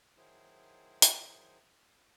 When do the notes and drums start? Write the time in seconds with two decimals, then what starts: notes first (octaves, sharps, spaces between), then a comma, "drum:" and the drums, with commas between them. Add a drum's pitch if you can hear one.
0.17 D#3 F#3 E4 G#4 C5
1.02 drum: hi-hat